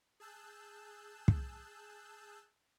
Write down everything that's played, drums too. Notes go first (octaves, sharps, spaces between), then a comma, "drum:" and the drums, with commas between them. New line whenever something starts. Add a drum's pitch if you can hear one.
G#4 A5 E6 F#6 G6
drum: kick